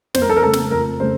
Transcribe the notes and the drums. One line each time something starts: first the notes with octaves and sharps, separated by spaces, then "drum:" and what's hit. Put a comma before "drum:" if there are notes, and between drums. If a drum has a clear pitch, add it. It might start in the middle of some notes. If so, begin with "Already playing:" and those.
F2 C5, drum: snare
A#4
A4
A#4
C#3 A3 A4
drum: snare
F2 A#4
C#3 A3 C5